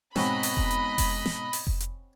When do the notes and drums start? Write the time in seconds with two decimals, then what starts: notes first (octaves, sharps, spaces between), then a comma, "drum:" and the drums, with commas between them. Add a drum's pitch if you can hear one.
0.16 G#2 B2 C4 C#4 F#4 D#5 B5, drum: snare
0.43 drum: open hi-hat
0.57 drum: kick F1
0.71 drum: hi-hat
0.98 drum: kick F1, open hi-hat
1.26 drum: snare
1.53 drum: open hi-hat
1.67 drum: kick F1
1.80 drum: hi-hat